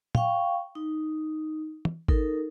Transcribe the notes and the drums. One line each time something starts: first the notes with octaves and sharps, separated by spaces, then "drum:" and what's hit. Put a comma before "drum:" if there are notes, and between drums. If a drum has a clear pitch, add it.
F5 G5 C#6, drum: tom
D#4
drum: tom
D#4 A4 A#4, drum: kick G#1